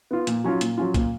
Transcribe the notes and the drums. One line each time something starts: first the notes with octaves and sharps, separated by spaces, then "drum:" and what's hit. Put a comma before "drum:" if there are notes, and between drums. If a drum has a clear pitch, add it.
B3 F4
A#2, drum: hi-hat
F#3 C#4 F4
A#2, drum: hi-hat
F#3 C#4 F4
A#2, drum: kick, hi-hat